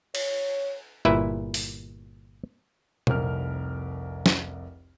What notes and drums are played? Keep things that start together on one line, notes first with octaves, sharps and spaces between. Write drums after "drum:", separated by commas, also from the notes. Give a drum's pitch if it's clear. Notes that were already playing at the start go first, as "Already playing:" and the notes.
C#5, drum: cymbal
G1 A#2 E4 B4 E5
drum: open hi-hat
F1 C2 A#4 F6, drum: tom A#2
drum: snare